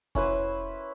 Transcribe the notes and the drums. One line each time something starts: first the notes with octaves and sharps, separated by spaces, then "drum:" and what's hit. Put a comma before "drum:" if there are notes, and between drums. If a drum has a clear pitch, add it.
C#4 E4 B4 C5, drum: kick F1